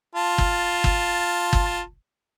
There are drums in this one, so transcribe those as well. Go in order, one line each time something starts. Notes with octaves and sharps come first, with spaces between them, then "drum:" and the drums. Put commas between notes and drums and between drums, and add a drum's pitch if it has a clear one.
F4 A5
drum: kick G1
drum: kick G1
drum: kick G1